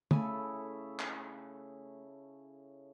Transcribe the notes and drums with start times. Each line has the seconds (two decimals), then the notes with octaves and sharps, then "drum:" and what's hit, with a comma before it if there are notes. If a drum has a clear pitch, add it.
0.11 C#3 A3 E4 A4 G#5, drum: tom
0.99 drum: clap